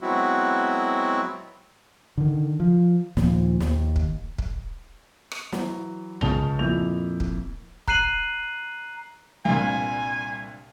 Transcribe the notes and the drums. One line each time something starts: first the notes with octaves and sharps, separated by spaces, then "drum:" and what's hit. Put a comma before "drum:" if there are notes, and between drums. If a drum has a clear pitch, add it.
F#3 G#3 B3 C4 E4 F#4
D3 D#3
F3
D#2 A#2 F3, drum: snare
D#2, drum: snare
drum: kick
drum: kick
drum: rim click
E3 F#3, drum: snare
C#2 C#3 A5 D#6 F7 G7, drum: tom A#1
F2 A#2 E4 G6 F7
drum: kick
A#5 F#6 C7 D#7 F#7, drum: kick
C2 G2 A#2 G#5